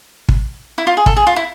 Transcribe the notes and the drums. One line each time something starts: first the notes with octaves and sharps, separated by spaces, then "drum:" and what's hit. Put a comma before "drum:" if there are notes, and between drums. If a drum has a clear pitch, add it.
drum: kick
E4
F4
G#4
A4, drum: kick
G#4
F4
E4